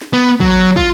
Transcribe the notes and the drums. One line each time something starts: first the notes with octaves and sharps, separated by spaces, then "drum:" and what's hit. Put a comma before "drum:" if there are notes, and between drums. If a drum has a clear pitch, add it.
drum: snare
B3
F#3, drum: kick
F4, drum: kick